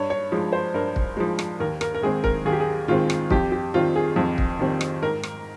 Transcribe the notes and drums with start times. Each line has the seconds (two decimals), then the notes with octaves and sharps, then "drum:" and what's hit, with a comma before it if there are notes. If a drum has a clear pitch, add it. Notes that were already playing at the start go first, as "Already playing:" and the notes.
Already playing: G2 C#5
0.10 C#5
0.32 F3 G#3
0.53 C5
0.74 G2 A#4
0.96 drum: kick
1.17 F3 G#3
1.39 drum: rim click
1.60 D#2 A#4
1.81 A#4, drum: rim click
1.94 A#4
2.03 D#3 G#3 C4 G#4
2.24 A#4, drum: kick
2.45 D#2 G#4
2.52 G4
2.60 G#4
2.88 D#3 G#3 C4 F4
3.10 drum: rim click
3.30 F2 G4, drum: kick
3.52 G4
3.74 D#3 G3 C4 F4
3.96 G#4
4.16 F2
4.38 drum: kick
4.59 D#3 G3 C4
4.81 drum: rim click
5.03 G#2 A#4
5.23 drum: rim click